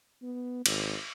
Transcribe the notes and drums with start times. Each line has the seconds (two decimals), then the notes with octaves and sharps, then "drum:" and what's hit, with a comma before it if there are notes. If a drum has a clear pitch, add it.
0.23 B3
0.66 G#1, drum: cymbal